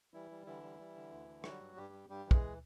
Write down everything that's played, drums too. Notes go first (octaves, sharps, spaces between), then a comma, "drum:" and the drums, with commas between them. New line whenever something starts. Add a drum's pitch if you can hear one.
E3 G3 E4
G3
D3 E3 E4
G3
G3
D3
D2
D3
F#3 G3 F#4, drum: rim click
G2
G2 G3 G4
G3
G2 G3 G4
E3
G#3 G#4, drum: kick